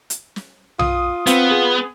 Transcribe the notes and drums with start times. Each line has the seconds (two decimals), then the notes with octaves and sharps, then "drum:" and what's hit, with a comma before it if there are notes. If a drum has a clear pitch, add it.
0.10 drum: hi-hat
0.36 drum: snare
0.79 F4 D#6, drum: tom B1
1.27 B3 C4 F4, drum: hi-hat
1.51 G#4